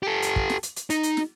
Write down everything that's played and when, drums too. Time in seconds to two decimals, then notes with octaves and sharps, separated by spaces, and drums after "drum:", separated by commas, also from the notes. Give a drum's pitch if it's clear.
0.03 G4 A4
0.23 drum: hi-hat
0.36 drum: kick
0.50 drum: snare
0.63 drum: hi-hat
0.76 drum: hi-hat
0.90 D#4, drum: hi-hat
1.03 drum: hi-hat
1.17 drum: snare